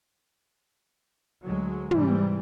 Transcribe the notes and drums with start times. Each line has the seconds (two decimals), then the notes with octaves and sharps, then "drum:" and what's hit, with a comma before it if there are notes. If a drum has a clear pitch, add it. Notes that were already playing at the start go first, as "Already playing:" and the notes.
1.45 D2 F#3 G#3
1.91 G#2 C3 E3 G3, drum: tom